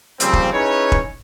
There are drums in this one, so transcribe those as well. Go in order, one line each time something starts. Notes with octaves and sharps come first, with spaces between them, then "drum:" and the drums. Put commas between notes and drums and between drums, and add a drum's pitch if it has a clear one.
C#3 F3 G3 A#3 C4, drum: hi-hat
drum: kick
C#4 D#4 E4 G#4 B4 C#5
drum: kick